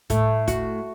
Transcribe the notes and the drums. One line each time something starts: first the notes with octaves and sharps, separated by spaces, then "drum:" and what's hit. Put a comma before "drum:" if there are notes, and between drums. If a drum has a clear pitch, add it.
A2 A3, drum: kick, hi-hat
F#4, drum: kick, hi-hat